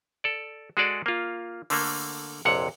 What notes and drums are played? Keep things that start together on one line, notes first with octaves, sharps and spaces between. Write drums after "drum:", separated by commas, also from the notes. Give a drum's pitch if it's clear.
A4 D5
G#3 F#4 G#4 A4 D5
A#3 F4
D3 A3 A#3, drum: open hi-hat
A#1 F2 C3 C#5 F#5